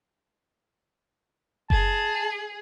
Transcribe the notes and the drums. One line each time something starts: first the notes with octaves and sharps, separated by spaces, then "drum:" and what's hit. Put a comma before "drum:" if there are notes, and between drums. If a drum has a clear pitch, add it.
G#4 A5, drum: kick F#1